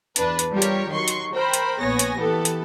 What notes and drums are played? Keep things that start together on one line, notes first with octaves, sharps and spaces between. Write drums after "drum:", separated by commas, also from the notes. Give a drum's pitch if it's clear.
E2 D4 B4, drum: hi-hat
drum: hi-hat
G3 F4 G4 A#4 C#5
drum: hi-hat
D#3 F#3 C6 C#6
drum: hi-hat
A#4 C5 G5 B5
drum: hi-hat
A#1 B3 C#5 G#5 A#6
drum: hi-hat
E3 B3 G4 A4
drum: hi-hat